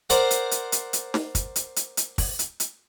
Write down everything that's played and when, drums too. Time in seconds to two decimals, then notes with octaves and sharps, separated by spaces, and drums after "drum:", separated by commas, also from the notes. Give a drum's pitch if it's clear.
0.10 A#4 C5 D5 F#5, drum: hi-hat
0.31 drum: hi-hat
0.51 drum: hi-hat
0.72 drum: hi-hat
0.93 drum: hi-hat
1.14 drum: snare
1.35 drum: kick, hi-hat
1.56 drum: hi-hat
1.76 drum: hi-hat
1.97 drum: hi-hat
2.18 drum: kick, open hi-hat
2.39 drum: hi-hat
2.60 drum: hi-hat